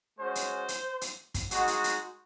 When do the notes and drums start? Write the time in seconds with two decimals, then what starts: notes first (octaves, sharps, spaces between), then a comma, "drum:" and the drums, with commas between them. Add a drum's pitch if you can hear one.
0.19 G#3 C#4 F#4 C5
0.35 drum: hi-hat
0.68 drum: hi-hat
1.01 drum: hi-hat
1.34 drum: kick, hi-hat
1.51 G#3 D#4 F#4, drum: hi-hat
1.67 drum: hi-hat
1.84 drum: hi-hat